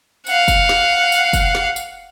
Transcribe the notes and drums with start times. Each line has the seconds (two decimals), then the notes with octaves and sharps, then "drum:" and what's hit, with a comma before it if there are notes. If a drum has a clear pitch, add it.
0.27 F5 F#5, drum: tambourine
0.48 drum: kick, tambourine
0.69 drum: snare
1.12 drum: tambourine
1.33 drum: kick, tambourine
1.55 drum: snare
1.76 drum: tambourine